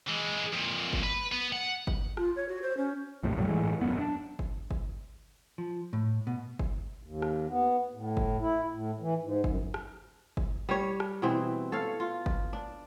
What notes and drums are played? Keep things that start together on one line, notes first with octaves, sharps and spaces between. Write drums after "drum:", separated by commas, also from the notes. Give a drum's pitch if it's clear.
E3 G#3
F2 A#2
drum: kick G1
B4
B3
F#5
drum: kick G1
F4, drum: rim click
C#5
F#4
C5
C#4
A#1 F2 A2 C3
B1 F#2 A2 G3
A2 E3 G#3
D#1 F#2 B3
D4
drum: kick G1
drum: kick G1
F3
A2
B2
drum: kick G1
D#2
drum: rim click
B3
A2
drum: kick G1
E4
A2
E3
G#2
F#2, drum: kick G1
drum: rim click
drum: kick G1
G3 C#5
drum: rim click
B2 E3 C4
A4 C#5 F5
F4
drum: kick G1
D4